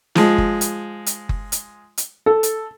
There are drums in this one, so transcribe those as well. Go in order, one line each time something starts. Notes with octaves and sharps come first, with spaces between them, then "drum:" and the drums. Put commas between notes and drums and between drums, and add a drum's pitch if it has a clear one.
F3 G#3, drum: snare
drum: kick F#1
drum: hi-hat
drum: hi-hat
drum: kick F#1
drum: hi-hat
drum: hi-hat
A4
drum: hi-hat